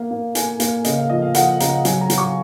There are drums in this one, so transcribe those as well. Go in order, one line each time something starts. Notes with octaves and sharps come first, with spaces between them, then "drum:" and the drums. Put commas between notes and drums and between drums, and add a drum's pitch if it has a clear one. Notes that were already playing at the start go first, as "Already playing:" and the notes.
Already playing: A#3
A#3
A#3 G#5, drum: hi-hat
A#3 F5, drum: hi-hat
C#3 D#5, drum: hi-hat
F5
F3 D#5
F5
F3 F#5, drum: hi-hat
C#3 A#5, drum: hi-hat
F#3 G#5, drum: hi-hat
A#5
F#3, drum: hi-hat
C#6